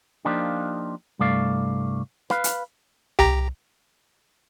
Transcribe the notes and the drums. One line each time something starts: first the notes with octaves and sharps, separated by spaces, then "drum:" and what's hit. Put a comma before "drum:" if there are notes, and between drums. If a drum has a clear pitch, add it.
F3 A#3 D4 D#4 F4 G4
C2 G2 A3 D5 F5
B4 F5, drum: rim click
drum: hi-hat
G4 A#5, drum: tom C2